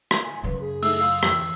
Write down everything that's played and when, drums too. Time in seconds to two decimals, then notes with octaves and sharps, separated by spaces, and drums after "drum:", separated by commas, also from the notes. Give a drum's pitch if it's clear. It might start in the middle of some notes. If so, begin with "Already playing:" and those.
0.11 drum: rim click
0.23 G#5
0.43 F#2 C#3 B4
0.60 G#4
0.83 A3 D#4 E4 E6, drum: open hi-hat
1.01 F5 C6 D#6
1.23 F2 E3 G5, drum: rim click